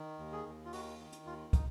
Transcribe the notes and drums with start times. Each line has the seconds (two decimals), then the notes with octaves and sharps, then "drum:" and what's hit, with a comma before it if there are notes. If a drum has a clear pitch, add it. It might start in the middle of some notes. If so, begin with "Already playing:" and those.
Already playing: D#3
0.19 D#2
0.32 G#4
0.46 D#2
0.65 F4
0.73 D#3 F#4, drum: open hi-hat
0.99 D#3
1.13 drum: hi-hat
1.25 D#2 F4
1.53 D#4, drum: kick, hi-hat